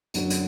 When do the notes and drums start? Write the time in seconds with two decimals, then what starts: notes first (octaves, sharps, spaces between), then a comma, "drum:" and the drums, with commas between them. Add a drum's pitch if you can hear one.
0.14 F#2 D3 F#3 C#4, drum: hi-hat
0.30 drum: hi-hat